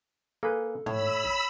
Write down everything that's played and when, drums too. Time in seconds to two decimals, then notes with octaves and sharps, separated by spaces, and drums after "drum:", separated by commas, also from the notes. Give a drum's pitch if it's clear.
0.43 A#3 G#4 A4 B4
0.86 A2 C#5 B5 E6, drum: tom
1.25 drum: kick